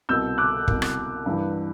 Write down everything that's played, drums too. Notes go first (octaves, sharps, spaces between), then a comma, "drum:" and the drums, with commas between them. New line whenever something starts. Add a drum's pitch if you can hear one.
C2 B2 E6 G6
D6 F#6
C2 B2, drum: kick
drum: rim click
G2 E3